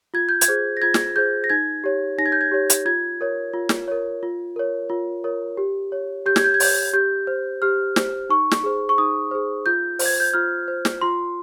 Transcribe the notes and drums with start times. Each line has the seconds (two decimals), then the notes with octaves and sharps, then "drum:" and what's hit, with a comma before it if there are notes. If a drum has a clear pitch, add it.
0.14 F4 G#6
0.29 G6
0.41 G#6, drum: hi-hat
0.48 G#4 C5
0.77 A#6
0.82 F4 G#6
0.94 drum: snare
1.16 G#4 C5 G6
1.44 A#6
1.50 D#4 G#6
1.84 G4 C#5
2.18 D#4 A#6
2.26 G#6
2.32 G6
2.41 G#6
2.52 G4 C#5
2.70 drum: hi-hat
2.86 F4 G#6
3.21 A#4 C#5
3.53 F4
3.69 drum: snare
3.88 A#4 C#5
4.23 F4
4.56 A#4 C#5
4.90 F4
5.24 A#4 C#5
5.57 G4
5.92 C#5
6.26 G4 G6
6.36 G#6, drum: snare
6.44 G6
6.54 G#6
6.60 C#5 G6, drum: open hi-hat
6.93 G4 G6
7.27 C5
7.62 G4 F6
7.96 C5, drum: snare
8.29 D#4 C#6
8.51 drum: snare
8.64 G#4 C5
8.89 C#6
8.98 D#4 D#6
9.31 G#4 C5
9.66 F4 G6
9.99 C5, drum: open hi-hat
10.06 G#6
10.20 G6
10.34 F4 F6
10.68 C5
10.85 drum: snare
11.01 F4 C6